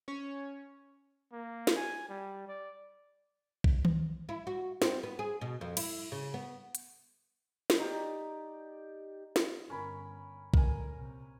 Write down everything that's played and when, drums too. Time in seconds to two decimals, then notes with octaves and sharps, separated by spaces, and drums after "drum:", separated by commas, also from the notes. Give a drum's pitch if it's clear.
0.08 C#4 C#5
1.33 A#3
1.67 drum: snare
1.76 G#5
2.09 G3
2.48 D5
3.64 drum: kick B1
3.85 drum: tom D#3
4.29 E4
4.47 F#4
4.82 C4, drum: snare
5.03 B3
5.19 G#4
5.41 B2
5.61 F2
5.77 E4, drum: cymbal
6.12 C#3
6.34 B3
6.75 drum: hi-hat
7.70 drum: snare
7.79 D#4 G4 D5
9.36 drum: snare
9.70 G1 C#4 A#4 B5
10.54 A#2 D3 A#4 G#5, drum: kick B1
10.96 C3